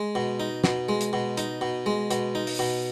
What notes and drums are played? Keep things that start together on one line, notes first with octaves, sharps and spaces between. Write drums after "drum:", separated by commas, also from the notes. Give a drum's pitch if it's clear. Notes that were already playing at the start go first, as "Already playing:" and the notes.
Already playing: G#3
B2
D#4
B2, drum: snare
G#3
drum: hi-hat
B2
D#4, drum: hi-hat
B2
G#3
B2, drum: hi-hat
D#4
drum: open hi-hat
B2